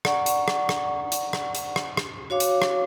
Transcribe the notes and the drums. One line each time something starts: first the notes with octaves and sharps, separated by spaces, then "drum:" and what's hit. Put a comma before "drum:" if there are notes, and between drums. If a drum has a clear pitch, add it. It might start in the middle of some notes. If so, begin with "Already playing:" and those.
D5 F#5 A#5 C#6, drum: rim click
drum: hi-hat
drum: rim click
drum: rim click
drum: hi-hat
drum: rim click
drum: hi-hat
drum: rim click
drum: rim click
F#4 C#5 F5 D6
drum: hi-hat
drum: rim click